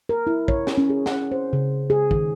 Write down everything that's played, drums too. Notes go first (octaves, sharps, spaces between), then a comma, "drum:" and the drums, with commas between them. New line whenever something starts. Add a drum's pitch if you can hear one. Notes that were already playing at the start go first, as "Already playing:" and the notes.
A#4
E4
C#5, drum: kick
drum: snare
C#4
G#4
F#5, drum: snare
C5
C#3
G#4
D#3, drum: kick